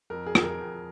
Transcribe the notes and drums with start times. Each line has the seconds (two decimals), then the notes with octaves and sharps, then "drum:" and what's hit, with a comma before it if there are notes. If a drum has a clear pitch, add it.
0.10 F2 A#4
0.26 G#4
0.35 F2, drum: rim click
0.44 A#4
0.60 F2